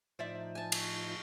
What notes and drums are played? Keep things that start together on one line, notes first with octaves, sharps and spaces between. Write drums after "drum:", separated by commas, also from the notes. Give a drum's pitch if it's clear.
A2 F3 D#4 C5 D5 E5
G#5 A5
drum: cymbal